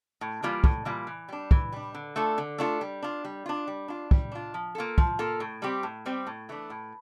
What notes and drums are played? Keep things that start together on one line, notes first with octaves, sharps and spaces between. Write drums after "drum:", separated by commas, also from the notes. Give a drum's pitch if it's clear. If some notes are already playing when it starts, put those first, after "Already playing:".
A2
E3 G3 A#3 F4
A2, drum: kick
E3 G3 A#3 F4
E3
G3 D4
E3, drum: kick
G3 D4
D3
A3 D4 F4 A4
D3
A3 D4 F4 A4
G3
D4 F4
G3
D4 F4
G3
D4 F4
G3, drum: kick
D4 F4
F3
A#3 F4 A4
F3, drum: kick
A#3 F4 A4
A2
G3 C4 G4
A2
G3 C4 G4
A2
E3 A3 D4
A2